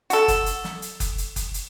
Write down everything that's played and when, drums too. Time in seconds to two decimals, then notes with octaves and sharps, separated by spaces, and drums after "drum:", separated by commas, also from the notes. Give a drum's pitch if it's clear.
0.10 F#4 A4, drum: hi-hat
0.28 drum: kick F#1, hi-hat
0.46 drum: hi-hat
0.64 drum: snare
0.82 drum: hi-hat
1.00 drum: kick F#1, hi-hat
1.18 drum: hi-hat
1.36 drum: kick F#1, hi-hat
1.54 drum: hi-hat